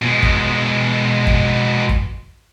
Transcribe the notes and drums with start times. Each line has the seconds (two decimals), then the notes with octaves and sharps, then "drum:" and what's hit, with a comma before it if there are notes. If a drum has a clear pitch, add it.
0.02 B2 G#3
0.23 drum: kick
1.27 drum: kick
1.89 drum: kick